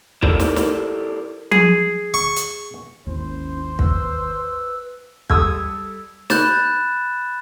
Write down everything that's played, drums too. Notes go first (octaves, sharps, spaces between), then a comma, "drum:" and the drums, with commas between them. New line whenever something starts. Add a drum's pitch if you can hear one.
E4 G4 A4 A#4 C5 D5, drum: kick
drum: snare
drum: snare
G#4, drum: tom F3
C#6
drum: hi-hat
G#1 D#2 C#4 E4 C5
B4 E6, drum: kick
G3 G4 A4 D#6 E6 G#6, drum: kick
B5 F#6 G6 A6 E7, drum: snare